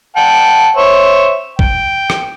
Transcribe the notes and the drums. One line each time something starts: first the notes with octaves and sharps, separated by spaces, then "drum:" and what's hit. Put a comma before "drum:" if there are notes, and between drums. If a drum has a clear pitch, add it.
F#5 G5 A5
C5 C#5 E5
G5, drum: kick
drum: rim click